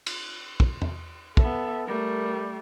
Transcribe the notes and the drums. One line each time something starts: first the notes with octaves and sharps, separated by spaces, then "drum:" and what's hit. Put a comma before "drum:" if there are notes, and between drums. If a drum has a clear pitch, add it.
drum: cymbal
drum: kick
drum: tom E2
B3 A4 E5, drum: kick
G3 A3 A#4